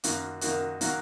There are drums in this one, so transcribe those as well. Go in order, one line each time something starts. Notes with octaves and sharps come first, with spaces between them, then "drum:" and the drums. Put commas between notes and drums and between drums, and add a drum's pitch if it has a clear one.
F#2 D#3 A#3 F#4, drum: hi-hat
F#2 D#3 A#3 F#4, drum: hi-hat
D#3 F#3 A#3 F#4, drum: hi-hat